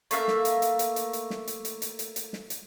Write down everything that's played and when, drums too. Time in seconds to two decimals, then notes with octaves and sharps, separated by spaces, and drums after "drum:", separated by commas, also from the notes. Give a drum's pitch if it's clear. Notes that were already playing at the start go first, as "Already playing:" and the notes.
0.11 A3 A#3 E5 F5, drum: hi-hat
0.28 drum: snare
0.45 drum: hi-hat
0.62 drum: hi-hat
0.79 drum: hi-hat
0.96 drum: hi-hat
1.13 drum: hi-hat
1.30 drum: snare
1.48 drum: hi-hat
1.65 drum: hi-hat
1.82 drum: hi-hat
1.99 drum: hi-hat
2.16 drum: hi-hat
2.33 drum: snare
2.50 drum: hi-hat